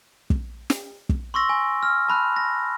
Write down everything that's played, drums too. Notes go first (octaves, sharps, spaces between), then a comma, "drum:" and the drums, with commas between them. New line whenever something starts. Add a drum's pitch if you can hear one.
drum: kick
drum: snare
drum: kick
C6 C#6 E6 A#6
G#5
F6
A5 B5 F#6
A#6